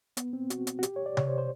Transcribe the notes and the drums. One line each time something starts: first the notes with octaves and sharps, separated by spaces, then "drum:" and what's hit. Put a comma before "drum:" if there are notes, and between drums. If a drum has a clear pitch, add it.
B3, drum: hi-hat
C4
F#4, drum: hi-hat
drum: hi-hat
F#4
G4, drum: hi-hat
C#5
D5
C#5, drum: tom C3
C5
C5